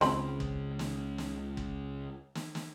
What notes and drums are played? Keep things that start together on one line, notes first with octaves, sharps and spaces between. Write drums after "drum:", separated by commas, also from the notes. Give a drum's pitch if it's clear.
C#2 C#3 C4 B5, drum: snare
drum: kick
drum: snare
drum: snare
drum: kick
drum: snare
drum: snare